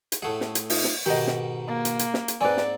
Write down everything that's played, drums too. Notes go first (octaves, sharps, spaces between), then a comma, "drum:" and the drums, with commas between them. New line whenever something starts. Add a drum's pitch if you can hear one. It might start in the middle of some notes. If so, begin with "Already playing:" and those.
drum: hi-hat
A2 A3 G#4 F#5
drum: snare
drum: hi-hat
D#4 F4 E5, drum: open hi-hat
drum: snare
G#2 B2 D#3 G4 D#5
drum: snare
A#3
drum: hi-hat
drum: hi-hat
drum: snare
drum: hi-hat
G#2 C4 B4 D5 G#5
drum: snare